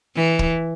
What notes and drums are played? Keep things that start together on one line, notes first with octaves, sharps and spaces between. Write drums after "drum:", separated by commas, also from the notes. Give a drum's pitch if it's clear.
E3
drum: kick